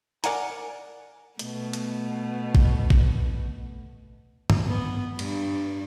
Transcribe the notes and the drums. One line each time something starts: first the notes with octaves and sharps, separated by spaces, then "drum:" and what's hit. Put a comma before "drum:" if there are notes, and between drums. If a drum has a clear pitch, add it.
A#4 D5 F#5 G#5 A#5, drum: hi-hat
B2 A3, drum: hi-hat
drum: hi-hat
drum: kick A1
drum: kick A1
drum: tom G2
B3
G2, drum: cymbal